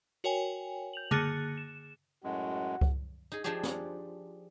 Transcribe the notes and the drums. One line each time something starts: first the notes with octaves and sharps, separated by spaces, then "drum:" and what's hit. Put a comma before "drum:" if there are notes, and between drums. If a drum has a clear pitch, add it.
F#4 A#4 C#5 G5 G#5
G6 F7 F#7
D3 A#3 G#4 F#6 A6 C#7, drum: tom
E7
F#2 A2 G#3 F#4
drum: kick C#2
D#4 G#4
F3 D4 D#4 G4 G#4
drum: snare